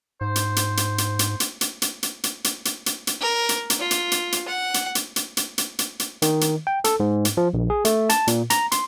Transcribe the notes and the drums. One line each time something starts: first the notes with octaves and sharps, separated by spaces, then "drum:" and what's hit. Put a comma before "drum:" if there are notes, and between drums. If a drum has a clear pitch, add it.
G#2 C5
drum: hi-hat
drum: hi-hat
drum: hi-hat
drum: hi-hat
drum: hi-hat
drum: hi-hat
drum: hi-hat
drum: hi-hat
drum: hi-hat
drum: hi-hat
drum: hi-hat
drum: hi-hat
drum: hi-hat
drum: hi-hat
A#4
drum: hi-hat
drum: hi-hat
F4
drum: hi-hat
drum: hi-hat
drum: hi-hat
F#5
drum: hi-hat
drum: hi-hat
drum: hi-hat
drum: hi-hat
drum: hi-hat
drum: hi-hat
drum: hi-hat
D#3, drum: hi-hat
drum: hi-hat
G5
A4, drum: hi-hat
G#2
drum: hi-hat
F3
A#1
G#4
A3, drum: hi-hat
A5, drum: hi-hat
A#2, drum: hi-hat
A#5, drum: hi-hat
C6, drum: hi-hat